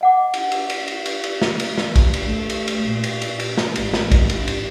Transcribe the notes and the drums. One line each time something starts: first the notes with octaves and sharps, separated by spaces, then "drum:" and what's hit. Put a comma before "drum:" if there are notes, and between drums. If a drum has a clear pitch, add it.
D#5 F#5 D6
drum: cymbal
drum: cymbal
drum: cymbal
drum: cymbal
drum: cymbal
drum: cymbal
drum: snare
drum: cymbal
drum: snare
drum: kick, cymbal
drum: cymbal
A3
drum: cymbal
drum: cymbal
A#2
drum: cymbal
drum: cymbal
drum: cymbal
drum: snare
G#1, drum: cymbal
drum: snare
drum: kick, cymbal
drum: cymbal
drum: cymbal